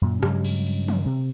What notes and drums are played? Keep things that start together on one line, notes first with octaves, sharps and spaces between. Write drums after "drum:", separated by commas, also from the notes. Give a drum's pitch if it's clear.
F#2 A#2
G2 C#3 F#3 G#3, drum: rim click
drum: cymbal
drum: cymbal
drum: tom
C3